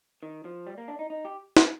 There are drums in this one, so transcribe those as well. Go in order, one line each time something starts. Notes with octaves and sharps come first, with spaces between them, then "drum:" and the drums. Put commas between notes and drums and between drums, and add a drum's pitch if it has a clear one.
D#3
F3
G3
A#3
D4
D#4
D#4
G4
drum: snare